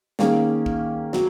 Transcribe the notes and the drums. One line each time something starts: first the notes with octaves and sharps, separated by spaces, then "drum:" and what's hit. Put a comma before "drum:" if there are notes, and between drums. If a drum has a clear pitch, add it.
D#3 A#3 C#4 G#4, drum: snare
drum: kick
F#3, drum: snare